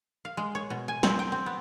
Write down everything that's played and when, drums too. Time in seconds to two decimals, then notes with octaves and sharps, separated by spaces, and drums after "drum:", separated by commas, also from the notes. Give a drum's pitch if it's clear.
0.25 F5
0.37 G#3
0.55 C#5
0.70 B2
0.88 G#5
1.03 C4, drum: snare
1.19 G5
1.32 C4
1.46 B3